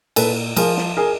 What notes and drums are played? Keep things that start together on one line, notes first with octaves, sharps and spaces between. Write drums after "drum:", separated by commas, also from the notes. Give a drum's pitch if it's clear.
A#2 A4 B4, drum: cymbal
F3 G#4 A#4, drum: cymbal
drum: snare
G#4 A#4